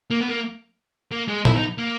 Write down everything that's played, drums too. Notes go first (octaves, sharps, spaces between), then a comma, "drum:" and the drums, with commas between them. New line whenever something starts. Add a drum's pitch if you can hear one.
A#3
B3
A#3
A#3
G#3
E4, drum: tom
D#4
A#3